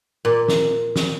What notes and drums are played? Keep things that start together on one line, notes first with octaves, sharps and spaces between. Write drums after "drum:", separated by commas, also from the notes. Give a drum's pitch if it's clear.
A#2
drum: snare
drum: snare